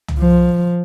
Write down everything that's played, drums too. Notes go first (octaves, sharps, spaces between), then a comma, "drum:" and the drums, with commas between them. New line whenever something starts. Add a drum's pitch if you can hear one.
drum: tom
F3